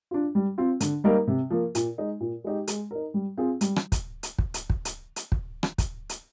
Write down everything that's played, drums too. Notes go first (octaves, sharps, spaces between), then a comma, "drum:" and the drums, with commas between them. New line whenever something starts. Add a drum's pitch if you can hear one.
D4 F4
G3
C4 F4
D3, drum: hi-hat
G3 A#3 D#4 A#4
C3
F3 A#3
A#2, drum: hi-hat
G#3 D#4
A#2
G#3 D#4 G4
G#3, drum: hi-hat
D#4 A#4
G3
C4 F4 G#4
G3, drum: hi-hat
drum: rim click
drum: kick, hi-hat
drum: hi-hat
drum: kick
drum: hi-hat
drum: kick
drum: hi-hat
drum: hi-hat
drum: kick
drum: rim click
drum: kick, hi-hat
drum: hi-hat